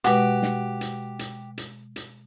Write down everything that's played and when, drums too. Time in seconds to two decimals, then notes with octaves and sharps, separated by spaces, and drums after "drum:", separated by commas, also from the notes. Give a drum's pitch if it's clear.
0.04 B2 G#3 F#4 G4 B4, drum: hi-hat
0.43 drum: snare
0.81 drum: hi-hat
1.19 drum: hi-hat
1.58 drum: hi-hat
1.96 drum: hi-hat